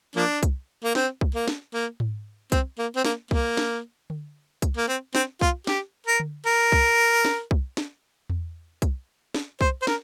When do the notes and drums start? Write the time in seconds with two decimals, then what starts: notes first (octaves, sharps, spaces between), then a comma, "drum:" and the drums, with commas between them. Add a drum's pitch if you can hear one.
0.16 F3 A#3 D4
0.43 drum: kick C2, hi-hat
0.84 A#3
0.95 C4, drum: snare
1.21 drum: kick C2
1.35 A#3
1.48 drum: snare
1.74 A#3
2.00 drum: tom G#2
2.52 C4, drum: kick C2, hi-hat
2.78 A#3
2.96 C4
3.05 A#3, drum: snare
3.31 A#3, drum: kick C2
3.57 drum: snare
4.10 drum: tom D3
4.62 drum: kick C2, hi-hat
4.77 A#3
4.88 C4
5.15 C4, drum: snare
5.41 F4, drum: kick C2
5.67 G4, drum: snare
6.07 A#4
6.20 drum: tom D3
6.47 A#4
6.72 drum: kick C2
7.25 drum: snare
7.51 drum: kick C2
7.77 drum: snare
8.30 drum: tom E2
8.82 drum: kick C2, hi-hat
9.34 drum: snare
9.61 C5, drum: kick C2
9.82 C5
9.87 A#4, drum: snare